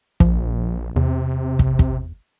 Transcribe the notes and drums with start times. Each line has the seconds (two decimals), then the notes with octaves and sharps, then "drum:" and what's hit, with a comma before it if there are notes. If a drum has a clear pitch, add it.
0.20 A#1 F3, drum: kick
0.96 E2 C3
1.59 drum: kick
1.79 drum: kick